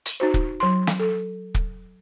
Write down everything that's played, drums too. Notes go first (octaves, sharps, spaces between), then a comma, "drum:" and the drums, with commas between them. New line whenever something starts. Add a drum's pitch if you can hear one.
drum: hi-hat
D#4 F#4 C5
drum: kick
F#3 C6
drum: snare
A4
drum: kick